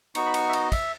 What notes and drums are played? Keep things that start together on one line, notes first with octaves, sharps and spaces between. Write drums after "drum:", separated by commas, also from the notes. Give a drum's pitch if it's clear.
B3 D#4 F#4 C#6, drum: cymbal
B5
C#6, drum: cymbal
E5
D#5, drum: cymbal
E5, drum: kick, cymbal